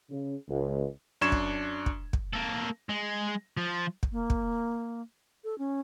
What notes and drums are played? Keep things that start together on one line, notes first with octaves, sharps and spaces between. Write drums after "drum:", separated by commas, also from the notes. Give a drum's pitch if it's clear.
C#3
C#2
F#2 D4 C#6 G#6 E7
drum: kick
drum: kick
drum: kick
A#3 A4
G#3
F3
drum: kick
A#3
drum: kick
A4
C#4